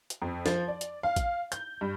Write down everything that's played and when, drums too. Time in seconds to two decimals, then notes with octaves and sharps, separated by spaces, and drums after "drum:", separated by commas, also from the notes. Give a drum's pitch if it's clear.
0.10 drum: hi-hat
0.22 F2
0.46 F3, drum: snare
0.68 D5
0.81 drum: hi-hat
1.03 F5
1.16 drum: kick A1, hi-hat
1.52 G6, drum: hi-hat
1.81 G2